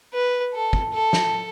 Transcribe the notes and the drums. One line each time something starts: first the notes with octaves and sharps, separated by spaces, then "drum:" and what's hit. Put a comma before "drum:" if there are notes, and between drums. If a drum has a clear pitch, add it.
B4
A4
drum: kick
A4
drum: snare